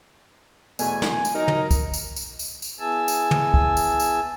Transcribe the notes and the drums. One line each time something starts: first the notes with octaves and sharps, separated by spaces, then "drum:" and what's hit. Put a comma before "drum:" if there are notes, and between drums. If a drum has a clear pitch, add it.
E2 B2 A3 G#5, drum: tambourine
drum: snare
drum: tambourine
F#3 D#4 A#4
drum: tom
drum: kick, tambourine
drum: tambourine
drum: tambourine
drum: tambourine
drum: tambourine
B3 E4 G#4 G#5 A5 E6
drum: tambourine
drum: tom
drum: kick
drum: tambourine
drum: tambourine